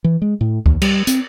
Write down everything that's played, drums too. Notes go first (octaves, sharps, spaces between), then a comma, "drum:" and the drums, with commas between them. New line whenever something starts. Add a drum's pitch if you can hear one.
E3
G#3
A2
D#2, drum: kick C#2
G3, drum: cymbal
C4, drum: hi-hat